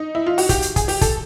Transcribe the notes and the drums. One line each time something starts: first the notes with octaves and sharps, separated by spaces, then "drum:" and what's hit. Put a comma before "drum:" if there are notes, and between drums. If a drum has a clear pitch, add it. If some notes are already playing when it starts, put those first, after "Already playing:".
Already playing: D#4
E4
F4
F#4, drum: open hi-hat
G4, drum: kick, hi-hat
drum: hi-hat
G#4, drum: kick, hi-hat
G4, drum: open hi-hat
A4, drum: kick, hi-hat